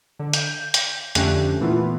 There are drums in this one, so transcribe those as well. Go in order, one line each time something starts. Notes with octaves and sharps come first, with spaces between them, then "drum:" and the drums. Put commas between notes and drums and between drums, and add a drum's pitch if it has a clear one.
D3
G6, drum: hi-hat
drum: hi-hat
F2 D3 A3 C#4 G4 F#6, drum: hi-hat
A#2 E3 A3 B3 F4